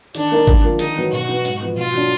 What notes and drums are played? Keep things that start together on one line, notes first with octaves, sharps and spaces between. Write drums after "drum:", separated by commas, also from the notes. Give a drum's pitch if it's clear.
D#3 D4, drum: hi-hat
A#3 D#4 A#4
D3, drum: kick G#1
F3 A#3 F4
D#3 D#4, drum: hi-hat
F#3 B3
B2 F#4
F#3 B3 D#4
G#2, drum: hi-hat
F3 B3
B2 F4
F#3 D4